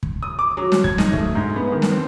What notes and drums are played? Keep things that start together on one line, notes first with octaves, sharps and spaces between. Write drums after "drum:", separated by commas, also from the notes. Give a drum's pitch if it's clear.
drum: kick
D#6
D6
F#3
drum: snare
G#6, drum: kick
D#4, drum: snare
A3, drum: kick
G#2
B3
D#3
drum: snare
C4